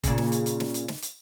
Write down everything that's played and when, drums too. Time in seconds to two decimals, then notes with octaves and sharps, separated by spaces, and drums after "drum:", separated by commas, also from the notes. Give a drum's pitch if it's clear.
0.04 A#2 C#3, drum: kick F#1, hi-hat
0.18 drum: snare
0.32 drum: hi-hat
0.46 drum: hi-hat
0.60 drum: snare
0.74 drum: hi-hat
0.88 drum: snare
1.02 drum: hi-hat